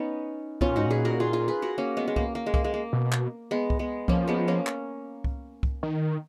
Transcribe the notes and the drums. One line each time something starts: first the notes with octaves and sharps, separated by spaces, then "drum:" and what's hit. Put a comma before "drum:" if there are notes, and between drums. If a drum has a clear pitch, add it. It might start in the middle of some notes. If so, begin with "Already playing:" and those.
Already playing: B3 C#4 D#4
B2 C#4 F4, drum: kick C2
A#2
G#2 D#4 F#4
A#2 G#4 B4
F#4 A#4
F4 G#4
F4 G#4
G#4 B4
F#4 A#4
A#3 C#4
G#3 B3
G#3
A#3, drum: kick C2
A#3
G#3
A#3, drum: kick C2
G#3
A#3
B2
drum: clap
G#3 B3
drum: kick C2
G#3 B3
F3 A#3 C#4, drum: kick C2
G#3 B3
A#3 C#4
drum: clap
drum: kick C2
drum: kick C2
D#3